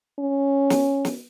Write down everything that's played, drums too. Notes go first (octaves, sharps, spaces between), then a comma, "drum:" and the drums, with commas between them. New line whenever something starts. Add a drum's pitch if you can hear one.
C#4
drum: snare
drum: snare